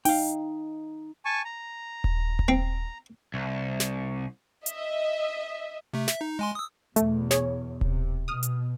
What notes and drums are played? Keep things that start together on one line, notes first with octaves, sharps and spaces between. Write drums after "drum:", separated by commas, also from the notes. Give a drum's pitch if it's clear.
D#4 F5 G5, drum: open hi-hat
G#5 A5 C#6
A#5
drum: kick D#1
drum: kick D#1
C4
C2
drum: snare
D#5 E5, drum: hi-hat
C3 A3
E5, drum: snare
D#4
G#3 G#5 C6
D#6 E6
E2 B2 A3, drum: hi-hat
G#4 C#5, drum: snare
C3, drum: kick D#1
B2 D#6 F6
drum: hi-hat